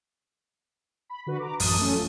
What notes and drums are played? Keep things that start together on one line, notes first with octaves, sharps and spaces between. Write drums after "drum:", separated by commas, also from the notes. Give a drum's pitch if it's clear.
B5
D3 F#4 B4
A#5 D6
A1 F#2 A5 D#6, drum: open hi-hat
A3 C#4
F3